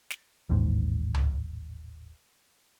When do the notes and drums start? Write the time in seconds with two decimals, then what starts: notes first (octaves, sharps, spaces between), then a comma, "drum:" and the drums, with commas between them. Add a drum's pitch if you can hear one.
0.10 drum: snare
0.49 D#1 A1 D#2 G#2
1.15 drum: tom C#2